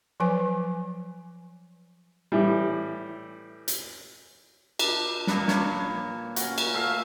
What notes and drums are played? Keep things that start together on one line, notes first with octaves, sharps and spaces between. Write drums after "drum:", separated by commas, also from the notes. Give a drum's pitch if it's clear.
F3 F#3 B4 G#5
A2 E3 G3
drum: hi-hat
D4, drum: cymbal
A#2 D4 B4 A#5, drum: snare
C#5, drum: snare
C#4 F#4, drum: hi-hat
drum: cymbal
A3 E5 F5